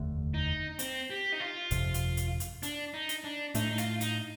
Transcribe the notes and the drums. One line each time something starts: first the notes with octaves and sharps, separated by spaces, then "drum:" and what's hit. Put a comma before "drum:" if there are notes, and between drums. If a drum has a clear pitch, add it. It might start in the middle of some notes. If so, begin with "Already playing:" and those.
Already playing: F1 D#2 D3 A3
D#4
C4, drum: hi-hat
G4
D#4
F4
G1 F2 C3 F3, drum: hi-hat
drum: hi-hat
drum: hi-hat
drum: hi-hat
D4, drum: hi-hat
D#4
drum: hi-hat
D4
A2 A3 D4 D#4, drum: hi-hat
D#4
F4, drum: hi-hat
D#4, drum: hi-hat